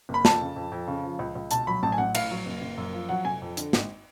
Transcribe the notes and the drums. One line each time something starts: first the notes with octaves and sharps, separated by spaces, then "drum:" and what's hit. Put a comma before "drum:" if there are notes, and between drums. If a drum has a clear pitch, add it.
F#1
B5
F2 A5, drum: snare
C#3
F2
F2
C#3
F3
C#2
C#2
B2 A5, drum: hi-hat
F#3 B5
A1 A5
G#5
A1 F#5
A2 F5, drum: cymbal
F#3
F#1
F#1
F#2
F3
F#3 F#5
F1 G#5
F2
D3, drum: hi-hat
G#1, drum: snare